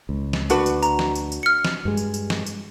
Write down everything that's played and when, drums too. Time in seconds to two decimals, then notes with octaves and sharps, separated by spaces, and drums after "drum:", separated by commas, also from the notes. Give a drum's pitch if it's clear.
0.09 C#2
0.33 drum: snare
0.50 D2 D4 F#4 B4, drum: tambourine
0.66 drum: tambourine
0.83 A#5, drum: tambourine
0.99 drum: snare
1.15 drum: tambourine
1.32 drum: tambourine
1.43 F6 C#7
1.65 drum: snare
1.85 G2 G#3
1.97 drum: tambourine
2.14 drum: tambourine
2.30 drum: snare
2.47 drum: tambourine